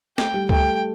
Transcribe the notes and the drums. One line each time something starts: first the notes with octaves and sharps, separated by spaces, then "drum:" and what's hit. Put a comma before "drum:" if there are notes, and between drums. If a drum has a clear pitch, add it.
A3 G5, drum: snare
G3
A3 G5, drum: kick C#2